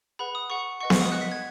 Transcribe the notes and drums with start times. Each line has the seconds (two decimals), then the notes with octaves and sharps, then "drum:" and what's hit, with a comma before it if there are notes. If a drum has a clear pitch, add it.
0.19 G#4 B4 F#5 B5
0.35 D#6
0.50 G#4 B4 F#5 C#6
0.81 B4 D#5 F#5 C#6
0.90 drum: snare B3
1.00 D#6
1.12 B4 D#5 F#5 F#6
1.21 B6
1.32 G#6